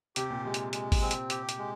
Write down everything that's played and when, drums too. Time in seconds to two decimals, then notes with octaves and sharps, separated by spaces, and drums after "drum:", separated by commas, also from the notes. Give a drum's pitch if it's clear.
0.16 C3 G4, drum: hi-hat
0.30 A#2
0.45 C3 G#3
0.54 drum: hi-hat
0.73 G#3, drum: hi-hat
0.92 drum: kick G#1, open hi-hat
1.02 C4
1.11 drum: hi-hat
1.30 G4, drum: hi-hat
1.49 drum: hi-hat
1.58 G#3